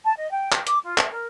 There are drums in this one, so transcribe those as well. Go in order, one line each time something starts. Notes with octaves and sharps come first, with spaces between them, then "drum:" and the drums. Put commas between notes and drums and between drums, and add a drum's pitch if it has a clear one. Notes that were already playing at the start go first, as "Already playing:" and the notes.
A5
D#5
G5
G5, drum: clap
D6, drum: hi-hat
F4
E5, drum: clap
A#4